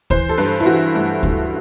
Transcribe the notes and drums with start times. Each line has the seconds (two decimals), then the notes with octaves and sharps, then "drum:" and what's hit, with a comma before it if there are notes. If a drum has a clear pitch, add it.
0.10 E3 C5, drum: kick D2
0.29 A4
0.38 G2 B4
0.60 E4
0.66 E3 F#4
0.95 G2 A3
1.23 G2, drum: kick D2